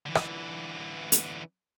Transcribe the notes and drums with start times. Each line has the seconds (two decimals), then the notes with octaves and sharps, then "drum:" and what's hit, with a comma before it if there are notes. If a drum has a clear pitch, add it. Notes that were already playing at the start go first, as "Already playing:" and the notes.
0.06 D3 E3
0.15 drum: rim click
1.12 drum: hi-hat